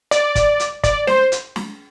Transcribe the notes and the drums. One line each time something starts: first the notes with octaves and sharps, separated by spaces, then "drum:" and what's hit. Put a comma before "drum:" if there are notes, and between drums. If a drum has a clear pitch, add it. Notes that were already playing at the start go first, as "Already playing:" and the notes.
D5, drum: hi-hat
drum: kick, hi-hat
drum: hi-hat
D5, drum: kick, hi-hat
C5, drum: snare
drum: hi-hat
drum: snare